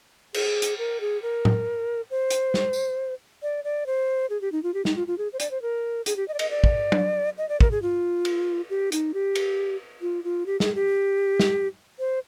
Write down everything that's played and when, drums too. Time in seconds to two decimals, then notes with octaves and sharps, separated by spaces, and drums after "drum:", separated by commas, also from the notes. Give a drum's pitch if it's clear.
0.34 G#4, drum: cymbal
0.62 drum: hi-hat
0.78 A#4
1.01 G#4
1.22 A#4
1.45 drum: tom A2
2.11 C5
2.30 drum: hi-hat
2.54 drum: snare
2.73 drum: tambourine
3.42 D5
3.64 D5
3.87 C5
4.30 G#4
4.41 G4
4.52 D#4
4.63 F4
4.74 G4
4.85 D#4, drum: snare
4.96 F4
5.07 F4
5.18 G#4
5.33 C5
5.40 D5, drum: hi-hat
5.51 C5
5.62 A#4
6.06 G#4, drum: hi-hat
6.16 G4
6.28 D#5
6.34 D5
6.39 D#5, drum: cymbal
6.50 D5
6.64 drum: kick
6.92 drum: tom F#3
7.38 D#5
7.49 D5
7.61 A#4, drum: kick
7.71 G#4
7.82 F4
8.25 drum: cymbal
8.70 G4
8.92 D#4, drum: hi-hat
9.14 G4
9.35 drum: cymbal
10.01 F4
10.24 F4
10.46 G4
10.60 G#4, drum: snare
10.75 G4
11.40 drum: snare
11.99 C5